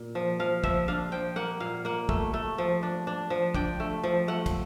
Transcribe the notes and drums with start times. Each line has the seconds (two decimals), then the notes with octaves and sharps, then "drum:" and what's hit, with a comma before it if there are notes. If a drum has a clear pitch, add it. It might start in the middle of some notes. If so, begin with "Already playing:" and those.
Already playing: A#2
0.15 F3
0.40 F3 F5
0.64 F3 E5, drum: kick
0.88 D4 F5
1.12 F3 G5
1.36 A#3 F#5
1.60 A#2 F5
1.85 A#3 F#5
2.09 A3, drum: kick
2.34 A3
2.58 F3
2.83 D4
3.07 D4
3.30 F3
3.54 D4 G5, drum: kick
3.80 A3
4.03 F3
4.28 A3 F#5
4.46 drum: kick, cymbal